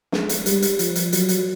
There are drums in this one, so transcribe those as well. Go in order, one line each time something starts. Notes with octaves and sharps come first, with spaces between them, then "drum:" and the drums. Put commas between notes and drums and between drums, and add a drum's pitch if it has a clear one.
G#3, drum: snare
drum: hi-hat
G3, drum: hi-hat
drum: hi-hat
F3, drum: hi-hat
drum: hi-hat
F#3, drum: hi-hat
drum: hi-hat